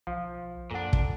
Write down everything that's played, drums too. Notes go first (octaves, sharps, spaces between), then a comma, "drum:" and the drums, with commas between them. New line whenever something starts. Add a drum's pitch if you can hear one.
B1 F3 F5
F#2 A#2 D4 A4 F#5
drum: kick